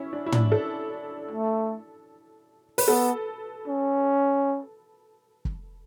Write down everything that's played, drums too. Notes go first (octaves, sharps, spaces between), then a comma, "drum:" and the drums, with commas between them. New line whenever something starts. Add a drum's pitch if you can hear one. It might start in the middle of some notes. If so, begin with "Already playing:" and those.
Already playing: C#4 E4
D4
E4
D4, drum: tom
A4
A3
B4, drum: open hi-hat
B3 A4
C#4
drum: kick